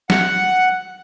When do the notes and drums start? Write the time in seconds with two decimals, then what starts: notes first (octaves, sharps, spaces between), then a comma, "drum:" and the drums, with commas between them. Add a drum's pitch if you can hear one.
0.10 F#5, drum: snare